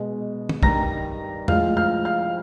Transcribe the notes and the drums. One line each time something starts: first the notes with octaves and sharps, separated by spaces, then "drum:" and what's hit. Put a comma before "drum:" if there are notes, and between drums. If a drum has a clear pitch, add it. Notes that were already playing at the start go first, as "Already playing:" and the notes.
Already playing: B2 G#3
drum: tom
G2 D#3 G3 A#5 A#6, drum: kick
A2 F3 G#3 F5 F6, drum: tom
F5 F6
F5 F6